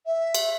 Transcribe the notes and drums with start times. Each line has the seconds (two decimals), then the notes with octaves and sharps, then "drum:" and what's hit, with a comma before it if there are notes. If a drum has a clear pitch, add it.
0.06 E5
0.34 drum: cymbal